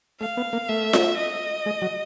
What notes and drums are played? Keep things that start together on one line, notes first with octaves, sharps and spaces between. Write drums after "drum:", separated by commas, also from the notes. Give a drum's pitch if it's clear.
A3 F5
B3
A#3
A3 E5
drum: snare F4
D#5
G#3
F#3